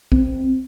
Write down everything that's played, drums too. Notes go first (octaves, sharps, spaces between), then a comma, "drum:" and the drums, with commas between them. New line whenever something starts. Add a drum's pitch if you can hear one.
C4, drum: kick